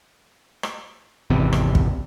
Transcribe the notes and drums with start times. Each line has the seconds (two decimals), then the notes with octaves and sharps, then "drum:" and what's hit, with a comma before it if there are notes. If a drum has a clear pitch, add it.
0.63 drum: rim click
1.30 G#1 E2 C3
1.53 drum: rim click
1.75 drum: kick